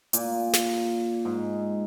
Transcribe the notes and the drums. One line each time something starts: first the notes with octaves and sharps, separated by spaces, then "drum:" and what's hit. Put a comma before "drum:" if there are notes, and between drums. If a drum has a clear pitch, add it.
A#2, drum: hi-hat
drum: snare
G#2